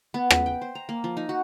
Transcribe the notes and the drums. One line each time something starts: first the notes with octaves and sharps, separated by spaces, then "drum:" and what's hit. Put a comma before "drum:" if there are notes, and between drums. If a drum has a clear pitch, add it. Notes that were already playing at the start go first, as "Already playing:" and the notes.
B3
B4, drum: rim click
G5
C5
A#5
A#3
F3
D#4
F#4